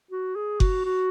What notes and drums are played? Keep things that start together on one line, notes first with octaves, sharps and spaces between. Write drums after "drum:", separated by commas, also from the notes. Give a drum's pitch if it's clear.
F#4
G#4
F#4, drum: kick F#1
F#4